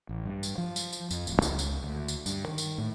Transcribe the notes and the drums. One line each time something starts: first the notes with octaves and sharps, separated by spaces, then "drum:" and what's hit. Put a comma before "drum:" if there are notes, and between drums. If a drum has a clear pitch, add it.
A1
G2
drum: tambourine
F3
drum: tambourine
drum: tambourine
F2, drum: tambourine
D1, drum: tambourine
C#2, drum: tambourine
drum: tambourine
D2
drum: tambourine
G2, drum: tambourine
D#3
drum: tambourine
A2